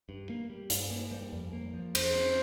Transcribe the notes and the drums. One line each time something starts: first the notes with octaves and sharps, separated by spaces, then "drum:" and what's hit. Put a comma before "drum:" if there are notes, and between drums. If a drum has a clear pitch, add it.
G2
A#3
G3
G2, drum: hi-hat
A#3
G3
F2
A#3
F3
F2 C5, drum: cymbal
C4